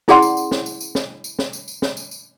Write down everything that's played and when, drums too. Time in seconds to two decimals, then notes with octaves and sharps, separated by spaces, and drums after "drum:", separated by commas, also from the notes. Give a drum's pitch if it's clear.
0.08 C#4 E4 G#4 D5 F#5 C6, drum: snare
0.22 drum: tambourine
0.37 drum: tambourine
0.51 drum: snare
0.66 drum: tambourine
0.80 drum: tambourine
0.95 drum: snare
1.24 drum: tambourine
1.39 drum: snare
1.53 drum: tambourine
1.68 drum: tambourine
1.82 drum: snare
1.97 drum: tambourine
2.11 drum: tambourine